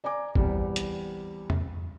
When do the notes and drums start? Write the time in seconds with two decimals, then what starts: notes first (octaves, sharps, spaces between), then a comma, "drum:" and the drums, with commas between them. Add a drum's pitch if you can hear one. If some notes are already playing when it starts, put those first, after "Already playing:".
0.04 D5 G#5 A#5 D6
0.35 E2 G3 C4, drum: kick G1
0.76 drum: hi-hat
1.50 drum: tom E2